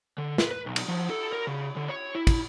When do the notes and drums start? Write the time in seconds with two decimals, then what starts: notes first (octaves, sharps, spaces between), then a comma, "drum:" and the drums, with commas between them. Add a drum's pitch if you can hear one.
0.18 D3
0.38 B4, drum: snare
0.51 B4
0.66 B1
0.76 drum: cymbal
0.88 F3
1.10 A4
1.32 A#4
1.47 C#3
1.76 D3
1.89 C#5
2.15 E4
2.27 drum: kick, cymbal